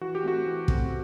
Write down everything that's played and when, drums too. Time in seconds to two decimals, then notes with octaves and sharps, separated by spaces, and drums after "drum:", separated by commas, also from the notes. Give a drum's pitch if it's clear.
0.01 E3 F#4
0.15 G4
0.24 A3 C4 F#4
0.46 E3
0.68 A3 C4, drum: kick